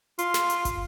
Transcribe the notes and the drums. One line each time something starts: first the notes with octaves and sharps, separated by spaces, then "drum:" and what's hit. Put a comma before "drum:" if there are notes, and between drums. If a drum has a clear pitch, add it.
F4, drum: hi-hat
drum: snare
drum: hi-hat
drum: kick, hi-hat